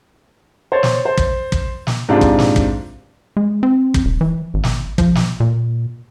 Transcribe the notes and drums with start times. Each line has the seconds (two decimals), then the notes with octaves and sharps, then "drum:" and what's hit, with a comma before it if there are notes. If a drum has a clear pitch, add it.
0.72 C5 C#5 A6
0.83 drum: snare
1.05 C5
1.17 drum: kick
1.52 drum: kick
1.87 drum: snare
2.09 G#2 C3 D4 F4
2.21 drum: kick
2.39 drum: snare
2.56 drum: kick
3.37 G#3
3.63 C4
3.94 drum: kick
4.05 D#1
4.21 E3
4.54 G#1
4.64 drum: snare
4.98 F3, drum: kick
5.15 drum: snare
5.40 A#2